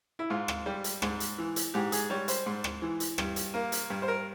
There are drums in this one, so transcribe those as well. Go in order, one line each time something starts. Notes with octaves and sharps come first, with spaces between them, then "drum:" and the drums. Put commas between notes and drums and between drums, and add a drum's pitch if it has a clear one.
E4
G#2 F4
drum: rim click
G3
drum: hi-hat
G#2, drum: rim click
drum: hi-hat
E3
drum: hi-hat
G#2 G4
G#4, drum: hi-hat
G3 C#5
C5, drum: hi-hat
G#2
drum: rim click
E3
drum: hi-hat
G2, drum: rim click
drum: hi-hat
A#3
drum: hi-hat
G2
C5
A#4